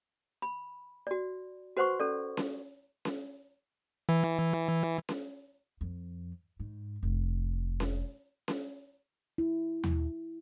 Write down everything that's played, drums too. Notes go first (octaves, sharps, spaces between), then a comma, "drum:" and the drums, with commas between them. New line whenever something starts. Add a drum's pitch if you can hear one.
B5
F#4 D5
F#4 B4 C5 F#5 C6 C#6
C#4 A4 D5
drum: snare C#4
drum: snare C#4
E3
drum: snare C#4
F2
G#2
F1
drum: snare C#4
drum: snare C#4
E4
drum: tom D#2